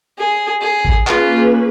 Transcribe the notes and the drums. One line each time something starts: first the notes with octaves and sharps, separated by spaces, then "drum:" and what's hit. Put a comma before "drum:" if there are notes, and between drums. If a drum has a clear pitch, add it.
G#4
G#4
drum: kick G#1
A#3 C#4 F4 G#4 B4, drum: clap